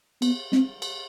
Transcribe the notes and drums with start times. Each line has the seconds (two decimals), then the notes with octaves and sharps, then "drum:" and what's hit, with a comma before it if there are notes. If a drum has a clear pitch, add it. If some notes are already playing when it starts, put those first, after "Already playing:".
0.22 B3, drum: cymbal
0.52 C4, drum: snare
0.82 drum: cymbal